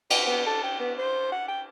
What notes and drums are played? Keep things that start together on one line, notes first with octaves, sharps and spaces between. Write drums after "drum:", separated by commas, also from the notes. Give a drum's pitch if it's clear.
B4, drum: cymbal
B3
A4
G5
B3
C5
F#5
G5